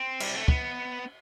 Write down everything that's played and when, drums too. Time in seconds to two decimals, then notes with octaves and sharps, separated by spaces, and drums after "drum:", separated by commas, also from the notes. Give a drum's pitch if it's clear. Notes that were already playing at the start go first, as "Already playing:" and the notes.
Already playing: C4
0.20 G3, drum: cymbal
0.35 A3
0.48 B3, drum: kick